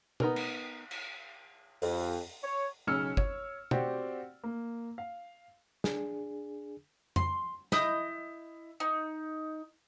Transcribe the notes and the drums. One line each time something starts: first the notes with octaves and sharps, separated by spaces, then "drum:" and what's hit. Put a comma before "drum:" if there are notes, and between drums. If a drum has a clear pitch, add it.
B3 D#4 A#4 B4, drum: tom
drum: cymbal
drum: cymbal
F2, drum: open hi-hat
C#5
B1 C#3 C#4 E6 F6 C#7
C#5, drum: kick G1
C4 F#4 G4 D5, drum: tom
A#3
F5
D4 G#4, drum: snare
C6, drum: tom F2
E4 D#5 D#6 G6, drum: snare
D#4